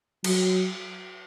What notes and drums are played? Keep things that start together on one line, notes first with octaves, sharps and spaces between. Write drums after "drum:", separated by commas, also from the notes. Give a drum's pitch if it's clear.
F#3, drum: cymbal